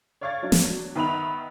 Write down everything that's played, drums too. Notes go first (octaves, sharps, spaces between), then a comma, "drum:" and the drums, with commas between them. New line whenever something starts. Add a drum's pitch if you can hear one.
C#5 D5 F5 C#6 G#6 A6
F#3 D4
drum: snare
D#3 B3 E5 B5 F7